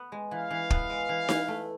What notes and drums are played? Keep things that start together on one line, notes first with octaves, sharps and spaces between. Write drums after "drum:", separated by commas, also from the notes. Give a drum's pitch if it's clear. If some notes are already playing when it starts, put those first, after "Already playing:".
Already playing: B3
G#3
E3 F5
E3
B3, drum: kick
G#3
E3
E3, drum: snare D#4
A3